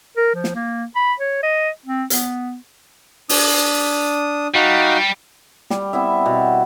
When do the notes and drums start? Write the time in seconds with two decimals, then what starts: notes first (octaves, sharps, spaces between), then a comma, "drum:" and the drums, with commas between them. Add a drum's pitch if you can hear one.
0.16 A#4
0.35 F3
0.44 drum: snare
0.55 A#3
0.96 B5
1.20 C#5
1.43 D#5
1.86 C4
2.10 B3, drum: hi-hat
3.29 D4 D#6, drum: open hi-hat
4.55 G3 D#4 F#4 F5
5.70 G3, drum: snare
5.93 B3 C4 E4 E5
6.26 B2